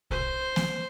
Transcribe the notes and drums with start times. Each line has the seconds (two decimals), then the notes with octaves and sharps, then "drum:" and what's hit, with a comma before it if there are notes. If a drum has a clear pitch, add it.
0.11 C5, drum: kick
0.56 drum: snare A#3